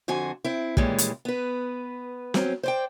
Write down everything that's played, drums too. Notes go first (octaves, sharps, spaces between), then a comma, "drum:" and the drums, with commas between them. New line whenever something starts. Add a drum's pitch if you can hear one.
F2 D3 F#4 C5 G#5
C4 E4
A#2 D#3 E3 G3 G#3 C#4, drum: kick
drum: hi-hat
B3 B4
F#3 C4 C#4, drum: snare
C5 D5 G5